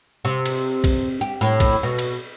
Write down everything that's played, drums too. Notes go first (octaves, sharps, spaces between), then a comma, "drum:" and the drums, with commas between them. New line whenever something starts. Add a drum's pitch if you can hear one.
C3
drum: cymbal
drum: kick, cymbal
G4
A2
drum: kick, cymbal
B2
drum: cymbal